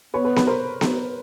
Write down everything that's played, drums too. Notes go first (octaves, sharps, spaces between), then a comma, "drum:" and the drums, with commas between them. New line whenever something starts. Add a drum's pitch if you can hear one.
B3 B4 C#5
B4
B4, drum: snare B3
A#4 C5
drum: snare B3